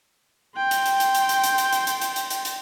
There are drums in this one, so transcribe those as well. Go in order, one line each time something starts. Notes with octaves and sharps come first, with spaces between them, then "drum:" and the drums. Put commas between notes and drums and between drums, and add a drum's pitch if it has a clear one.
G5 C6
drum: hi-hat
drum: hi-hat
drum: hi-hat
drum: hi-hat
drum: hi-hat
drum: hi-hat
drum: hi-hat
drum: hi-hat
drum: hi-hat
drum: hi-hat
drum: hi-hat
drum: hi-hat
drum: hi-hat